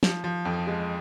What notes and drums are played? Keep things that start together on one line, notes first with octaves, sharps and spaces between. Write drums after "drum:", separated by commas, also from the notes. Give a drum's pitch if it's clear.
F3, drum: snare
F3
F2
G#3